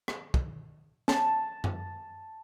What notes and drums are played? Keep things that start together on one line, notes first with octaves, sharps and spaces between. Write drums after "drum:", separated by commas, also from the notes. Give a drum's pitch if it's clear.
drum: rim click
drum: kick
A5, drum: snare
drum: tom F#2